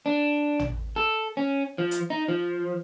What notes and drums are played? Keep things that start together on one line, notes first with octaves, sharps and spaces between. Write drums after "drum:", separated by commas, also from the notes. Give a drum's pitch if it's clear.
D4
drum: tom
A4
C#4
F3
drum: hi-hat
D#4
F3